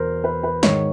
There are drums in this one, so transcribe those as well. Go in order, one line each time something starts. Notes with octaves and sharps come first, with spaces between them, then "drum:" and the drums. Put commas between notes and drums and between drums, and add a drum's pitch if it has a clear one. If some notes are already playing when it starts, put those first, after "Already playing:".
Already playing: E2 B2 A#4 C5
B4
B4
G#2 D#3 C#5, drum: snare